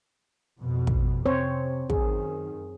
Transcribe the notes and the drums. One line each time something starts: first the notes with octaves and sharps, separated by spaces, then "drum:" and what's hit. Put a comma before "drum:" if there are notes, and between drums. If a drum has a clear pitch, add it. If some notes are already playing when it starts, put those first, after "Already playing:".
F2 B2
drum: kick
C3 C4 C5 C#5
F#2 D#3 G#4, drum: kick